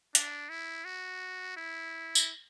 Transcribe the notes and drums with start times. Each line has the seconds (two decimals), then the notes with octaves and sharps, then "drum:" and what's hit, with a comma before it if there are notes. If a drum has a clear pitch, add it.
0.15 D4, drum: hi-hat
0.50 E4
0.85 F#4
1.57 E4
2.15 drum: tambourine